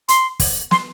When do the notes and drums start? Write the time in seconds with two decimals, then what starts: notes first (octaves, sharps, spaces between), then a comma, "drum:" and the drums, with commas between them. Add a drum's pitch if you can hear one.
0.08 C6, drum: hi-hat
0.40 drum: kick, open hi-hat
0.71 C6, drum: snare